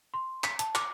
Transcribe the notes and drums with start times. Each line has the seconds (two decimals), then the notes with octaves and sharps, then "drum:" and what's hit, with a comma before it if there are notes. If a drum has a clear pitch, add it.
0.14 C6
0.44 B6, drum: clap
0.59 A5, drum: hi-hat
0.75 D6, drum: clap